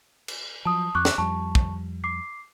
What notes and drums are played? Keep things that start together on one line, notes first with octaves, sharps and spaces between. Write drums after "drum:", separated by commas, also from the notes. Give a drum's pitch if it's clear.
drum: cymbal
F3 F#3 A5 D#6
F2 C#6 D6 F#6
drum: snare
F2 G3 A5 C#6
drum: kick
D6 C7